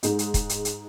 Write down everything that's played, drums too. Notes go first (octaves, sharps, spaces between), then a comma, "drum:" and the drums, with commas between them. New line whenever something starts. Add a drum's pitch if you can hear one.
G#2 G#3 D#4, drum: hi-hat
drum: hi-hat
drum: kick, hi-hat
drum: hi-hat
drum: hi-hat